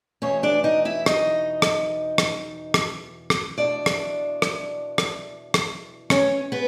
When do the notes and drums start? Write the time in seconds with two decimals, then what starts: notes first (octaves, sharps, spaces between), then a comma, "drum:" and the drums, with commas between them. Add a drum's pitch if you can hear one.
0.22 E2 B2 C#4 C#5
0.43 D4 D5
0.64 D#4 D#5
0.85 E4 E5
1.06 D#4 D#5, drum: rim click
1.62 drum: rim click
2.18 drum: rim click
2.74 drum: rim click
3.30 drum: rim click
3.58 E2 B2 D4 D5
3.86 drum: rim click
4.42 drum: rim click
4.98 drum: rim click
5.54 drum: rim click
6.10 C#4 C#5, drum: rim click
6.52 B3 B4